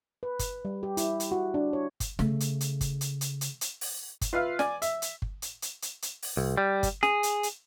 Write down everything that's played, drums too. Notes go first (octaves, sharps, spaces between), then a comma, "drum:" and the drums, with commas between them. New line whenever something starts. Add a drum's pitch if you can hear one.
B4
drum: kick G1, hi-hat
G3
G4
E4, drum: hi-hat
drum: hi-hat
F#4
D4
C#5
drum: kick G1, hi-hat
C#3 A3, drum: snare
drum: hi-hat
drum: hi-hat
drum: kick G1, hi-hat
drum: hi-hat
drum: hi-hat
drum: hi-hat
drum: hi-hat
drum: open hi-hat
drum: kick G1, hi-hat
F4 B4 E5 F5
D5 G#5, drum: snare
E5, drum: hi-hat
drum: hi-hat
drum: kick G1
drum: hi-hat
drum: hi-hat
drum: hi-hat
drum: hi-hat
drum: open hi-hat
C2
G3
drum: kick G1, hi-hat
G#4, drum: snare
drum: hi-hat
drum: hi-hat